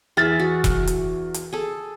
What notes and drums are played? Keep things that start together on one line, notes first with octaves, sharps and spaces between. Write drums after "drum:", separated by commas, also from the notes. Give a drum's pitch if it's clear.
E2 G#4 E5 B5 F6 A6
F#4
drum: kick E1, hi-hat
drum: hi-hat
drum: hi-hat
G#4 A4